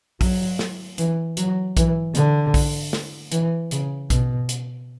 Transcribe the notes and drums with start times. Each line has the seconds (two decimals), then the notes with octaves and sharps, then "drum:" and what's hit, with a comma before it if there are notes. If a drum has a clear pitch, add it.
0.21 F#3, drum: kick A#1, open hi-hat
0.59 drum: snare
0.98 E3, drum: hi-hat
1.37 F#3, drum: hi-hat
1.77 E3, drum: kick A#1, hi-hat
2.15 D3, drum: hi-hat
2.54 drum: kick A#1, open hi-hat
2.93 drum: snare
3.32 E3, drum: hi-hat
3.71 C#3, drum: hi-hat
4.10 B2, drum: kick A#1, hi-hat
4.49 drum: hi-hat